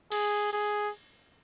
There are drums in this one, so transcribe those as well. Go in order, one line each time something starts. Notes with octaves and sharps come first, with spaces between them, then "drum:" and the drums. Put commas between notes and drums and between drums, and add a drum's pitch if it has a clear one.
G#4, drum: cymbal
G#4